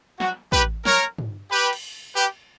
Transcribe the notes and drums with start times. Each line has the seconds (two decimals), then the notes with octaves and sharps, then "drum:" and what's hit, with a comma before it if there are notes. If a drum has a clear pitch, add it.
0.20 F#4, drum: snare
0.52 G4 B4, drum: kick
0.85 A#4 C#5, drum: snare
1.18 drum: tom
1.50 G4 B4
1.73 drum: cymbal
2.15 G4 B4